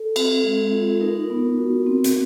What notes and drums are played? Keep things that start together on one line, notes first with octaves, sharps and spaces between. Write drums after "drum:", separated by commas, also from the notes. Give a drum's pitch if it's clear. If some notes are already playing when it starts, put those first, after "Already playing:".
Already playing: A4
C4, drum: cymbal
G#3
F4
D#4 A#4
B3
F#4
C4
drum: hi-hat